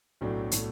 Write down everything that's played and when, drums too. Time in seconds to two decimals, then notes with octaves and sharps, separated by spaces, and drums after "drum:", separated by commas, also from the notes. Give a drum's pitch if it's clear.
0.21 B1 A2 F#3 A3 D4
0.51 A2 F#3 A3 D4, drum: hi-hat